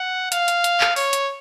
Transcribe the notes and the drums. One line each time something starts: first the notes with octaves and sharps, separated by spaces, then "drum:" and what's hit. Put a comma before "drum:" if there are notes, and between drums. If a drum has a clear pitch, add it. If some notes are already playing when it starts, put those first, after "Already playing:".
Already playing: F#5
F5, drum: hi-hat
drum: hi-hat
drum: hi-hat
drum: clap
C#5, drum: open hi-hat
drum: hi-hat